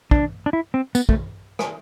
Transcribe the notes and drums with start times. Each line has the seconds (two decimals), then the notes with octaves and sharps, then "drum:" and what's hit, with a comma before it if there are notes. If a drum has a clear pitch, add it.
0.11 D4, drum: kick
0.46 D4
0.53 E4
0.74 C4
0.95 B3, drum: tambourine
1.09 A3, drum: kick
1.59 drum: rim click